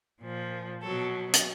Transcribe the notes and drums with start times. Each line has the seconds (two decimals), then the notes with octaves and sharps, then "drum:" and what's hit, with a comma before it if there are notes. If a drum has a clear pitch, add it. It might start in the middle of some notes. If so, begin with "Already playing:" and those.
0.20 A#2 F3
0.82 B2 F#3 A4
1.33 drum: hi-hat